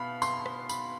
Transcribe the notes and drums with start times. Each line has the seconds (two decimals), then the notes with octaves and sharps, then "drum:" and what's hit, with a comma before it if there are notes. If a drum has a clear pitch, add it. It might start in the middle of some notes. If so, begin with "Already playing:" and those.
Already playing: B2 B3 F5 B5
0.22 C6, drum: tambourine
0.46 drum: rim click
0.69 B5, drum: tambourine